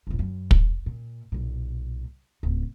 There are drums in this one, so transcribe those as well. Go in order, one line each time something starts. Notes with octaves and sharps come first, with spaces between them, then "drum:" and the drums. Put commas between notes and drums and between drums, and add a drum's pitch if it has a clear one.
E1 A#1
F#2
drum: kick
A#2
B1 A#2
D1 C#2